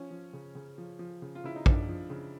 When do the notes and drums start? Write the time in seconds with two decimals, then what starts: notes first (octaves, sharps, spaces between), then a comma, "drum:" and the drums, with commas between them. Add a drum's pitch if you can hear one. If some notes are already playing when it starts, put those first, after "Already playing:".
Already playing: F3 C#4
0.11 F3
0.33 C#3
0.55 C#3
0.78 F3
0.99 F3
1.22 C#3
1.35 F4
1.44 C#3 E4
1.56 D#4
1.66 F3 D4, drum: kick A#1
1.88 F3
2.10 C#3